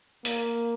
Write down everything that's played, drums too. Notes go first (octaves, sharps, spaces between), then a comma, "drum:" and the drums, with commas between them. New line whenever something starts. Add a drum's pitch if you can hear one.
A#3, drum: hi-hat